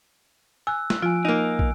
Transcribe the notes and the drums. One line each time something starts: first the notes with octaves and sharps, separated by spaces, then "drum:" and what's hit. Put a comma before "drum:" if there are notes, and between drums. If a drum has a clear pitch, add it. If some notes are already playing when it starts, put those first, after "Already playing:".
G#5 E6 F#6
drum: snare
F3 F4 G#5 D7
A#3 D#4 G#5
drum: kick